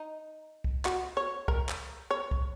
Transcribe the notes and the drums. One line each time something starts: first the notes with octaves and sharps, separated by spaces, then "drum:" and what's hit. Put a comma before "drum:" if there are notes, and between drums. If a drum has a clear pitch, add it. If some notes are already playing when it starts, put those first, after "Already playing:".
Already playing: D#4
drum: kick C2
F#4, drum: clap
C#5
A#4, drum: kick C2
drum: clap
C#5
drum: kick C2